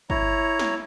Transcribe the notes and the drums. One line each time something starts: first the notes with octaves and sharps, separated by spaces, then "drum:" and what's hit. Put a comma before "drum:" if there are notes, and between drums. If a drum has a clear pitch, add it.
E4 C#5 A#5, drum: kick
drum: snare